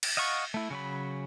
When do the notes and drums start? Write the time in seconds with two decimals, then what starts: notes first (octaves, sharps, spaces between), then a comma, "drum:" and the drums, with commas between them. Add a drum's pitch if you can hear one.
0.03 drum: cymbal
0.17 D#5 F5 F#5 C#6
0.54 A3 E4
0.70 C#3 F#3 B5